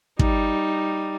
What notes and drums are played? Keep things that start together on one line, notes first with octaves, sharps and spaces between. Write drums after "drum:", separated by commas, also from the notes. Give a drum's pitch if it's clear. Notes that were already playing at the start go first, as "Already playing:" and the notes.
G3 D#4, drum: kick